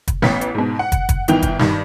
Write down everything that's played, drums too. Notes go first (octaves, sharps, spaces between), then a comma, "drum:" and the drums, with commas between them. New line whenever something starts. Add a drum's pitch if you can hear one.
drum: kick, hi-hat
A1 B3 C#4 G5 B6, drum: snare
drum: hi-hat
G#2 B2
F#5
drum: kick, hi-hat
drum: kick, hi-hat
G1 D#3 E3 B3 G5 F7, drum: hi-hat
drum: kick, hi-hat
G2 D#3, drum: snare